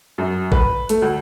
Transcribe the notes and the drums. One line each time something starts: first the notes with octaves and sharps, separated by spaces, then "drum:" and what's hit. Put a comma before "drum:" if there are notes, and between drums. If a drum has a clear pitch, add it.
F#2
B4, drum: kick G#1
A3, drum: hi-hat
D2